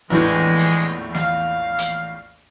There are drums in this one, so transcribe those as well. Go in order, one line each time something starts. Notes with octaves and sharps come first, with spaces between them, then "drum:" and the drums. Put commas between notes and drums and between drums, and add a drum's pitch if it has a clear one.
A#1 E2 A2 E3 G#3
drum: open hi-hat
F5, drum: snare
drum: hi-hat